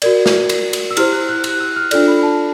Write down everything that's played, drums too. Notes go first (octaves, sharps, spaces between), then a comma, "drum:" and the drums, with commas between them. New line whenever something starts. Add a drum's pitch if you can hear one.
F#4 A#4 D5 G#6, drum: cymbal
drum: snare
drum: cymbal
drum: cymbal
E6
E4 G4 C5 F6, drum: cymbal
F#6
F#6
F#6, drum: cymbal
E6
F6
D4 F4 A4 D5 F6, drum: cymbal
B5
A5